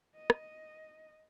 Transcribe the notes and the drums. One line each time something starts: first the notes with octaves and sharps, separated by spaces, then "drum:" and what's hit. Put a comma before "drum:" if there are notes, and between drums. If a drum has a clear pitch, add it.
D#5
drum: rim click